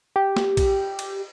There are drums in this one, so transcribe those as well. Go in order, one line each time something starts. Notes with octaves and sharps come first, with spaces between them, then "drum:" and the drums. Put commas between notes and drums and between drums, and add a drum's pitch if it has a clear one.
G4
drum: snare
drum: kick, cymbal
drum: cymbal